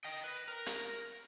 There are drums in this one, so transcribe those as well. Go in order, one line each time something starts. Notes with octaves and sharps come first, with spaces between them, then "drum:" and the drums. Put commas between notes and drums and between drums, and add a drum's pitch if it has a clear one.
D#5 G5
B4
A#4
drum: hi-hat